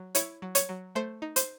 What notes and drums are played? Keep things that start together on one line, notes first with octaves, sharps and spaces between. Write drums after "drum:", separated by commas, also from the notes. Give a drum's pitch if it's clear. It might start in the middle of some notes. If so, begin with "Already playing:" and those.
Already playing: F#3
E4 C#5, drum: hi-hat
F#3
C#5, drum: hi-hat
F#3
A3 C5
D#4
C5, drum: hi-hat